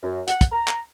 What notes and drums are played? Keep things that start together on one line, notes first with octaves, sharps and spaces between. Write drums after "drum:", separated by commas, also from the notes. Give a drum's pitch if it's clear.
F#2
F#5, drum: hi-hat
drum: kick, hi-hat
A#5
drum: clap